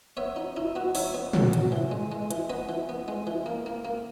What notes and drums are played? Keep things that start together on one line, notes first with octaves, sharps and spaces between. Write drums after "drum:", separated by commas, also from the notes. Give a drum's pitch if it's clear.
B3 C#5 E5
D#4
D#4 E4
B3 F#4
D#4 C#5 E5, drum: open hi-hat
B3
F#3, drum: tom
F#3, drum: hi-hat
E3
G#3
G#3
E3, drum: hi-hat
B3 B4 D#5
E3
B3
G#3
E3
A#3
A#3
A#3